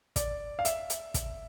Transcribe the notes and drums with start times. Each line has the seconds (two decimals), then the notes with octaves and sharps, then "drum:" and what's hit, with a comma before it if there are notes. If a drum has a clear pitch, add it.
0.16 D5, drum: kick, hi-hat
0.59 F5
0.65 E5, drum: hi-hat
0.90 drum: hi-hat
1.14 drum: kick, hi-hat